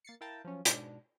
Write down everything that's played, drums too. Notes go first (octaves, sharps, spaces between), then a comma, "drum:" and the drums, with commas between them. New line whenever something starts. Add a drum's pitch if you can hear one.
A#3 A6 C7 C#7
E4 A#4 F5 G5 A5 A#5
F3 F#3 C#4
G#2 B2 D4, drum: hi-hat